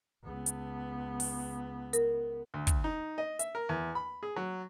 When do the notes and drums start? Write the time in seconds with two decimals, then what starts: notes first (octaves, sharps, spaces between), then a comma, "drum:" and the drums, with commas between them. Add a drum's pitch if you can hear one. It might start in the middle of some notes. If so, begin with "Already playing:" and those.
0.23 C#2 B3
0.46 drum: hi-hat
1.20 drum: open hi-hat
1.93 A#4, drum: hi-hat
2.54 D2
2.67 drum: kick, hi-hat
2.84 D#4
3.18 D#5
3.39 E5, drum: hi-hat
3.55 A#4
3.69 E2
3.95 B5
4.23 G#4
4.36 F#3